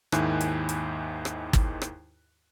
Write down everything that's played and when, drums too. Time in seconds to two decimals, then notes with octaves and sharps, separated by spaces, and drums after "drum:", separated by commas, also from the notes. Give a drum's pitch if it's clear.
0.12 D#2 G#2 D#3 E4 G#5 F#6, drum: rim click
0.41 drum: hi-hat
0.69 drum: hi-hat
1.25 drum: rim click
1.53 drum: kick, hi-hat
1.82 drum: rim click